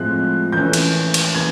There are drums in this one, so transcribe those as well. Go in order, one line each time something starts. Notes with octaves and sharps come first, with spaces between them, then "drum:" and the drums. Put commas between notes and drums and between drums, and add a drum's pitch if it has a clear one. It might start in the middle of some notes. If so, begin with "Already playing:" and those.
Already playing: A2 F3 G#3 C4 F#6
E3 A3 C#4 G6
drum: cymbal
drum: cymbal
C#3 E3 G#6